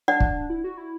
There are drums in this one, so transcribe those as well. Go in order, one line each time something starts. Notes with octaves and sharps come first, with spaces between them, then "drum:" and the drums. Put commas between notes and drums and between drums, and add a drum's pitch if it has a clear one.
D4 D5 F#5
drum: kick
E4
F#4
E4